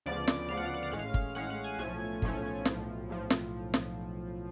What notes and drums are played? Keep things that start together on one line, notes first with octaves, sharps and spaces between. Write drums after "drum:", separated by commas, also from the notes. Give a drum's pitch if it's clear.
D2 C#3 F3 B3 D5
drum: snare
D2 C#3 F3 B3 F5
F#5
F5
F#5
F5
A1 A2 G#3 C#4 F#5
F5
drum: kick G1
A1 A2 G#3 C#4 F#5
F#5
G#5
B1 A2 F3 A3 C#4 G#5
B1 A2 F3 A3 C#4, drum: kick G1
B1 A2 F3, drum: snare
B1 A2 F3
drum: snare
drum: snare